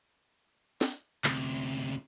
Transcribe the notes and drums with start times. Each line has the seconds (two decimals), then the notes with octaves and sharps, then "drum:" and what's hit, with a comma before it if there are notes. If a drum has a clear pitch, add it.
0.81 drum: snare
1.24 D2 C3, drum: clap